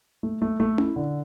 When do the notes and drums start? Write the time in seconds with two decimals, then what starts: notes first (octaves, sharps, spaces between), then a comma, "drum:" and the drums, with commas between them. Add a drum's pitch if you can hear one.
0.23 A3
0.42 A3
0.60 A3
0.78 E4, drum: tom C#4
0.96 D3